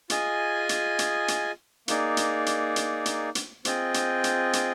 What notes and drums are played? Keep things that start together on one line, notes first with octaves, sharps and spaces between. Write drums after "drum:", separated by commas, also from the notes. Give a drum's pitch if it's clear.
F4 G#4 D#5 G#5, drum: hi-hat
drum: hi-hat
drum: hi-hat
drum: hi-hat
A#3 D#4 G#4 D5, drum: hi-hat
drum: hi-hat
drum: hi-hat
drum: hi-hat
drum: hi-hat
drum: hi-hat
C4 F4 G#4 D#5 G5, drum: hi-hat
drum: hi-hat
drum: hi-hat
drum: hi-hat